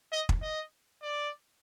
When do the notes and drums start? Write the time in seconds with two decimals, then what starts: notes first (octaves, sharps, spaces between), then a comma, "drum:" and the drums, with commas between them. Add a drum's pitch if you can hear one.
0.12 D#5
0.29 drum: kick
0.42 D#5
1.02 D5